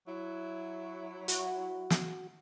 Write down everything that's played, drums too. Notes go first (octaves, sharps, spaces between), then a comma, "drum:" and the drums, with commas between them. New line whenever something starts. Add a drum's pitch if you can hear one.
F#3 E4
F#4, drum: hi-hat
drum: snare